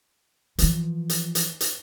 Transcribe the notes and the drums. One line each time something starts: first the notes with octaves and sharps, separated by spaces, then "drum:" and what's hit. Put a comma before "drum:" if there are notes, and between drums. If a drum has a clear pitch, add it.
E3 F3, drum: hi-hat
drum: hi-hat
drum: hi-hat
drum: hi-hat